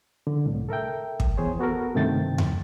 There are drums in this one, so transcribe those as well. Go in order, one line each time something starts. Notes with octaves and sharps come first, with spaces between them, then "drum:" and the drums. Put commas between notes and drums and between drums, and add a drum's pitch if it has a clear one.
D3
C2 A2
A4 A#4 E5 G5
drum: kick
E2 G#4 C5 C#5
B3 F#4 A4 A#4
G2 C3 D#3 A3 G5 A6
drum: tom E2